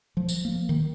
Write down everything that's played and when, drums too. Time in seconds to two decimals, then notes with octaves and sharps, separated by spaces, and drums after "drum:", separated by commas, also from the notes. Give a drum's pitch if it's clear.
0.17 F3
0.29 drum: tambourine
0.45 A#3
0.69 D#3